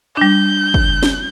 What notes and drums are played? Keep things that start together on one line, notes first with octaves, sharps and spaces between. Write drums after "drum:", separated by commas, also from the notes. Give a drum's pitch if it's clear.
G3 D4 G6
drum: kick
drum: snare C#4